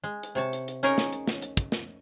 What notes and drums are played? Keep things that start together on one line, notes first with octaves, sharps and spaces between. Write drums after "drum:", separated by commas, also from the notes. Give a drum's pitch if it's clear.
G#3
drum: hi-hat
C3 C#5 A5
drum: hi-hat
drum: hi-hat
C#4 D#4 G#4 A#4 C#5
drum: snare
drum: hi-hat
drum: snare
drum: hi-hat
drum: kick, hi-hat
drum: snare